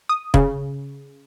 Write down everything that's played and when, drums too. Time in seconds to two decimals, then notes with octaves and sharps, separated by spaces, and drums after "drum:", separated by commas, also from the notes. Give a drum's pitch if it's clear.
0.09 D#6
0.34 C#3, drum: kick F1